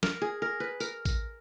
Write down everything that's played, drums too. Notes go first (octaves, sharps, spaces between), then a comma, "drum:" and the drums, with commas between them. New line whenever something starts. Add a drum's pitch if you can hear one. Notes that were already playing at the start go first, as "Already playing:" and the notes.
A#4, drum: snare
G#4
A#4
B4
A#4, drum: tambourine
drum: kick A1, tambourine